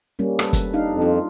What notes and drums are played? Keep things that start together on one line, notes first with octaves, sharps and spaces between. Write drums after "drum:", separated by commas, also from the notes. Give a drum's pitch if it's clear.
G3 A#3 C#4
A4 B4, drum: rim click
drum: kick, hi-hat
D4 D#4 F5
F2
D#4 F4